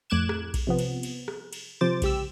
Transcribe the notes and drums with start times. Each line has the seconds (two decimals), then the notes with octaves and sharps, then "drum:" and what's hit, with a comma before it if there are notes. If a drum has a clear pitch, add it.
0.10 F2 A2 D6 F#6 G#6 E7
0.29 drum: rim click
0.54 drum: kick A#1, cymbal
0.67 C3 F3 B3
0.79 drum: cymbal
1.03 drum: cymbal
1.28 drum: rim click
1.53 drum: cymbal
1.81 C3 F3 C5 D6 A6
2.02 C#2 G4 E6, drum: kick A#1, cymbal